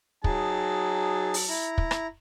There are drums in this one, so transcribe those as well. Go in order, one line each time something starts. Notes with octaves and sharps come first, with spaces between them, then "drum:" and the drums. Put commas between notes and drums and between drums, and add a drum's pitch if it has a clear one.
F#3 D#4 G#4 A5, drum: kick
drum: open hi-hat
E4 A#5
drum: kick
drum: rim click